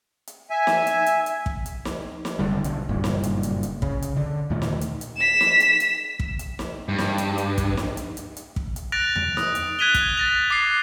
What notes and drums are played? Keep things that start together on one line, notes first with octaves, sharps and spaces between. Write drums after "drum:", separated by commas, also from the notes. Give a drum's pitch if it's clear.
drum: hi-hat
E5 G#5
drum: snare
drum: hi-hat
drum: hi-hat
drum: hi-hat
drum: kick
drum: hi-hat
drum: snare
drum: snare
F1 D3 G3
B1 D3, drum: hi-hat
F#1 G2 A#2
drum: snare
drum: hi-hat
drum: hi-hat
drum: hi-hat
C#3, drum: kick
drum: hi-hat
D3
D#2 A#2 D#3 A3
drum: snare
drum: hi-hat
drum: hi-hat
B6 E7
drum: snare
drum: hi-hat
drum: hi-hat
drum: kick
drum: hi-hat
drum: snare
G2
drum: snare
drum: hi-hat
drum: hi-hat
drum: kick, hi-hat
drum: snare
drum: hi-hat
drum: hi-hat
drum: hi-hat
drum: kick
drum: hi-hat
F#6 A6 A#6 D7 F7
drum: tom E2
D#6, drum: snare
drum: hi-hat
F#6 G#6 B6 D#7 F7 G7
drum: kick, hi-hat
A6 A#6 F7
D6 A6 C7